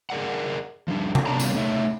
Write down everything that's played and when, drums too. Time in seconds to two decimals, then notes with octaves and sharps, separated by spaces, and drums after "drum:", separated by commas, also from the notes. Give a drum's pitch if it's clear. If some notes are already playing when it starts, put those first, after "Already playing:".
0.10 G#4 A#4 D5 F#5
0.88 F3 G3 D4
1.15 drum: tom C3
1.26 F#3 B3 D4 D5 A5 A#5
1.40 G3 A#3 B3 C#4 D4 F4, drum: tambourine
1.55 A3 D#4 C#5 E5